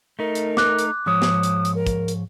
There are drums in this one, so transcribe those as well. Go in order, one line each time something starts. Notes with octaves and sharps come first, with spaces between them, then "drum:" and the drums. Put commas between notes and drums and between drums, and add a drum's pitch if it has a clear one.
A3 D#4 A#4
drum: hi-hat
D6 F#6, drum: snare
drum: hi-hat
G#2 F3 C#5 D#6
drum: snare
drum: hi-hat
drum: hi-hat
A#4
drum: kick, hi-hat
drum: hi-hat